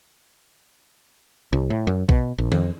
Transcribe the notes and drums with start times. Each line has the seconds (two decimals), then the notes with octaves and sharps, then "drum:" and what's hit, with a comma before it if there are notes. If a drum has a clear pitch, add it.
1.53 C2
1.70 A2
1.87 F#2
2.09 B2, drum: kick A#1
2.38 A#1
2.52 F2, drum: tom D#3